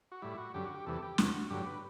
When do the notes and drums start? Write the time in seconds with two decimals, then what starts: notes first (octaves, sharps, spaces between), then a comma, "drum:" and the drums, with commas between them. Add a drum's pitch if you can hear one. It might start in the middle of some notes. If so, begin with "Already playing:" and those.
0.12 F#4
0.22 A2 G3 E4
0.38 F#4
0.54 F#2 D3 G3 G4
0.65 F#4
0.74 G4
0.86 E2 C3 E3 G3 A4
1.03 G4
1.18 E2 C3 F#3 F#4, drum: snare
1.50 G2 D3 F#3 G4
1.66 B4